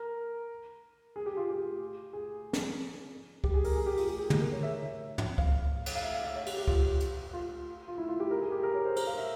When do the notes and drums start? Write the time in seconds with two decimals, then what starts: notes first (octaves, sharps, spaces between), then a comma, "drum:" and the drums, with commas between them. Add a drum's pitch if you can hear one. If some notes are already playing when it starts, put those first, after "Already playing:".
Already playing: A#4
1.16 G#4
1.26 G4
1.37 F4
1.49 G4
2.13 G#4
2.53 drum: snare
3.44 G4, drum: kick C#2
3.54 G#4
3.64 A#4, drum: open hi-hat
3.76 G#4
3.86 G4
3.97 F4, drum: open hi-hat
4.09 G4
4.18 G#4
4.30 G#4, drum: tom
4.41 A#4
4.52 C#5
4.63 E5
4.73 E5
5.18 drum: tom
5.38 F5, drum: kick C#2
5.86 drum: cymbal
5.95 F5
6.03 E5
6.15 F5
6.24 E5
6.36 C#5
6.46 G4, drum: cymbal
6.57 G4
6.68 F4, drum: kick C#2
7.01 drum: hi-hat
7.33 F4
7.88 F4
7.98 E4
8.09 F4
8.20 G4
8.31 A#4
8.42 G#4
8.52 G4
8.63 A#4
8.74 C#5
8.85 C5
8.96 A#4, drum: cymbal
9.07 F5
9.18 E5